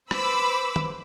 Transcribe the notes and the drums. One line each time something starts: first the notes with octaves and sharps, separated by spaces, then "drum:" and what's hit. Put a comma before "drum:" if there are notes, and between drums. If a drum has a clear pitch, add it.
B4 C5 B5 D6 E6, drum: rim click
drum: tom